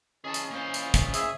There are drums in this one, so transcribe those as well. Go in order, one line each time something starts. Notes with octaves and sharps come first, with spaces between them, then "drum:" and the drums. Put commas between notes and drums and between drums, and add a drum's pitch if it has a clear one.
E3 C#4 G#4 D#5 A5
drum: hi-hat
A#3 C5
drum: hi-hat
drum: kick, hi-hat
G#4 E5, drum: hi-hat